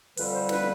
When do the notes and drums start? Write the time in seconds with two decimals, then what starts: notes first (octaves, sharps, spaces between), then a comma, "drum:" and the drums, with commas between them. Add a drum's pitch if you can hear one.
0.17 F2 D3 G3 B4, drum: open hi-hat
0.33 C5
0.49 B4, drum: snare